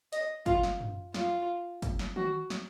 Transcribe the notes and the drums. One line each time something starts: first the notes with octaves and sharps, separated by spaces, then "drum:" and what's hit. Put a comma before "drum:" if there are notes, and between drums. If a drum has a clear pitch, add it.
D#5, drum: hi-hat
F4, drum: kick, hi-hat
drum: snare
drum: tom F#2
F4, drum: snare
drum: kick, hi-hat
drum: snare
F#4, drum: tom D#3
drum: snare